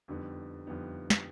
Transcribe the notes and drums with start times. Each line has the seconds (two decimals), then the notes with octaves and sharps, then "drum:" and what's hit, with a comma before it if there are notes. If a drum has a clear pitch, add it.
0.08 F2 D3 G3 B3 D#4
0.67 F2 D3 G3 B3 D#4
1.10 drum: snare